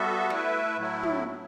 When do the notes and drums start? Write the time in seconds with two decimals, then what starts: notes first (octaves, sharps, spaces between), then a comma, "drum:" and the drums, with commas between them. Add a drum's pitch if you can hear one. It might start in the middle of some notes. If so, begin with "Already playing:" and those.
Already playing: G3 B3 F#4 A4 E5
0.30 A3 E4 B4 E5, drum: snare
0.77 A2 F#3 A3 E4
1.03 drum: tom